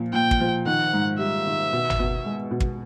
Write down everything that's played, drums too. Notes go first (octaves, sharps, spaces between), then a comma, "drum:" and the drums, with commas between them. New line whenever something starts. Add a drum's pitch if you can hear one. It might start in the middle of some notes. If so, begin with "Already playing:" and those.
Already playing: A#2 F3
A#2 G5
drum: kick
F3
D#3 F#5
G#2
G3 E5
D#3
B2
drum: tom
B2
G#3
B2
drum: kick